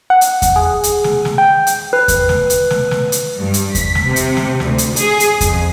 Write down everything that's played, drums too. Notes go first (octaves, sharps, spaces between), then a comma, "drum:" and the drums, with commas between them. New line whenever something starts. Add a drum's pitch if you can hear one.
F#5
drum: hi-hat
drum: kick E2, hi-hat
G#4
drum: hi-hat
drum: snare
drum: snare
G5
drum: hi-hat
B4
drum: kick E2, hi-hat
drum: snare
drum: hi-hat
drum: snare
drum: snare
drum: hi-hat
G2
drum: hi-hat
B6, drum: kick E2, hi-hat
drum: snare
C3
drum: hi-hat
drum: snare
D2, drum: snare
drum: hi-hat
G#4, drum: hi-hat
drum: hi-hat
F2, drum: kick E2, hi-hat